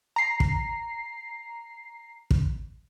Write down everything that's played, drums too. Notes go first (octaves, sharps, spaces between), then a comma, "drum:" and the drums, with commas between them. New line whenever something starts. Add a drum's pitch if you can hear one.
A#5 C7
drum: kick
drum: kick